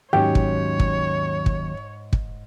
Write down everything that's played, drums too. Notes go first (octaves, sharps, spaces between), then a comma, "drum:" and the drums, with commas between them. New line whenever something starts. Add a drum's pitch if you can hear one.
D#2 G#2 F#3 C#4 G4 C#5
drum: kick
drum: kick
drum: kick
drum: kick